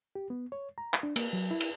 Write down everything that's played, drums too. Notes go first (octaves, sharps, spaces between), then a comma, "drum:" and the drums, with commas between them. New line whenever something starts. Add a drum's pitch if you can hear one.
G4
B3
C#5
A#5
drum: clap
D4
A#3, drum: cymbal
F#3
E4
drum: cymbal